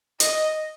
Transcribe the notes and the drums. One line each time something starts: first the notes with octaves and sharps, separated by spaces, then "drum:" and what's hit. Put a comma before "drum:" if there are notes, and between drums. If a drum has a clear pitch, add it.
D#5, drum: hi-hat